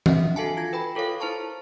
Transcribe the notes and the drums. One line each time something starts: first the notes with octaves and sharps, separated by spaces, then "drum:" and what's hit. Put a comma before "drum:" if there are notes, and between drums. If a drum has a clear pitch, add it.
D4 E5 F#5, drum: tom E3
F#4 A4 F5 G#5 A5
F4 G#6 A#6
B4 G5 B5
F4 A4 A#4 C#5 F5
E4 C5 A5 A#5 C#6